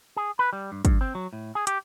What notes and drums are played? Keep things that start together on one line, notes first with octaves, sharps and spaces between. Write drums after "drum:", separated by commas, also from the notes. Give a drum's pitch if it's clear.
G#4
B4
G3
G2
G2, drum: kick, hi-hat
C4
F#3
A2
G#4
G4, drum: hi-hat